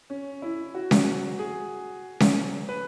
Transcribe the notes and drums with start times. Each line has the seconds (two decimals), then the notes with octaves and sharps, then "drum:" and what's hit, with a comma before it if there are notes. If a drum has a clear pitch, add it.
0.10 C#4
0.42 E4
0.75 F#4
0.91 drum: snare C#4
1.39 G#4
2.20 drum: snare C#4
2.69 B4